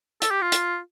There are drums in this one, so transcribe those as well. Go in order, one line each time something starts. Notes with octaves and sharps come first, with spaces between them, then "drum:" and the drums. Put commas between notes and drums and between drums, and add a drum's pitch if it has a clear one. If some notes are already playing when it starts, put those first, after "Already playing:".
A4, drum: hi-hat
G4
F4
drum: hi-hat